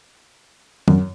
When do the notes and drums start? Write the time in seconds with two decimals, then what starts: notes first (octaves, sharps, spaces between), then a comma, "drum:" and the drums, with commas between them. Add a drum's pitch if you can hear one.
0.88 F#2, drum: tom